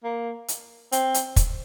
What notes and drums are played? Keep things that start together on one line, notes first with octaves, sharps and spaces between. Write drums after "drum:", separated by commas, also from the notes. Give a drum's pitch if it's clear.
A#3
drum: hi-hat
C4, drum: hi-hat
drum: hi-hat
drum: kick, hi-hat